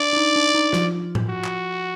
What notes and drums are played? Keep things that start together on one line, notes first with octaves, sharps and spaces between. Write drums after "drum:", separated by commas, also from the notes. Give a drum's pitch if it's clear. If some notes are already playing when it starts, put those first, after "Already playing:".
Already playing: D4 D5
D4
D#4
D4
D#4
F3 F4, drum: snare
drum: tom A2
F#4
drum: clap